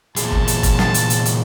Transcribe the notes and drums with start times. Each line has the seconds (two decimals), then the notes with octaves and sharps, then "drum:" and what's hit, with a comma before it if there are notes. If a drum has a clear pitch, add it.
0.16 A#2 E3 G#4 A5, drum: hi-hat
0.32 drum: kick
0.48 drum: hi-hat
0.63 drum: kick, hi-hat
0.79 drum: snare
0.94 drum: hi-hat
1.10 drum: hi-hat
1.25 drum: hi-hat